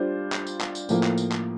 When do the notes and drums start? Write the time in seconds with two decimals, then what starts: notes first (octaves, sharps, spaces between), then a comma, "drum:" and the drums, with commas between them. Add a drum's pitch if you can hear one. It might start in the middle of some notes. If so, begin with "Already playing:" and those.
Already playing: G3 D4 F4 C5
0.32 drum: clap
0.47 drum: tambourine
0.61 drum: clap
0.75 drum: tambourine
0.89 A2 F3 A#3, drum: tambourine
1.03 drum: clap
1.18 drum: tambourine
1.32 drum: clap